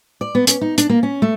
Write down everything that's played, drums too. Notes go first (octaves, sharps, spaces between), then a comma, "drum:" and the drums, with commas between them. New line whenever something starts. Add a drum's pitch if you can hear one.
D5
B3
C#4, drum: hi-hat
D#4
D4, drum: hi-hat
A#3
C#4
A3